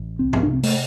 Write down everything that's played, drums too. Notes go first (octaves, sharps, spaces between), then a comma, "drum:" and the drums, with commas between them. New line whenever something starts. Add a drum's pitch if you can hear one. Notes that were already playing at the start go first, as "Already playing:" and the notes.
Already playing: A1
C2 C4
drum: tom G#2
C3 D4
C4
A3, drum: open hi-hat